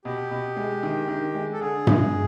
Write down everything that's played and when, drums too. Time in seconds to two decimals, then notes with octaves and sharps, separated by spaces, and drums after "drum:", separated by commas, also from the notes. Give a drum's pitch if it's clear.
0.05 B2 G4
0.31 B2
0.56 G#3
0.83 D#3
1.08 D#3
1.34 G#3
1.53 A4
1.60 D3 G#4
1.87 G#3, drum: tom G2